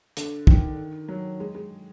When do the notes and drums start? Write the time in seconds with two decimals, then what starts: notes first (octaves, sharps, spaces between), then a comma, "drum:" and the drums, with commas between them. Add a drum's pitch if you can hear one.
0.17 D3, drum: hi-hat
0.47 D#3, drum: kick
1.08 F#3
1.40 G#3
1.55 G#3